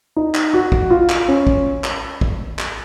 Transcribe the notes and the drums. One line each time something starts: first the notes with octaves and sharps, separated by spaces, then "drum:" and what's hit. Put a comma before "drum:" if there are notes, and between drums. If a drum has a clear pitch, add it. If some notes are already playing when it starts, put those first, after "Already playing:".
D#4
drum: clap
F#4
drum: kick
F4
drum: clap
C#4
drum: kick
drum: clap
drum: kick
drum: clap